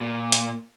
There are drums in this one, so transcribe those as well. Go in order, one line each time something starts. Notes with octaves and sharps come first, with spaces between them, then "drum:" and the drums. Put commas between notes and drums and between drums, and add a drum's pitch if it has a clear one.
A#2
drum: hi-hat